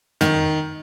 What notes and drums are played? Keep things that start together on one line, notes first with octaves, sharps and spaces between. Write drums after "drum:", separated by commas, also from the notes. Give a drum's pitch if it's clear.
D#3, drum: tom